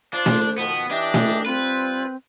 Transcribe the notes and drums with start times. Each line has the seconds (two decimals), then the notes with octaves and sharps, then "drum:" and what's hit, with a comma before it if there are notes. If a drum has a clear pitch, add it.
0.14 D4 F4 C5 C6
0.26 drum: snare A3
0.58 B2 D#3 F3 B3
0.91 E3 D4 G4 D#5 E5
1.14 drum: snare A3
1.46 G3 C4 F4 B4